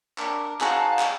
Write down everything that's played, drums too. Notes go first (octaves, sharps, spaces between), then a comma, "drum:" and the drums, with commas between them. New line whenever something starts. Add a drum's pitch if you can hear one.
D4 A#4, drum: clap
D#4 F#4 G#4 C5 F5 F#5 A5, drum: clap
drum: clap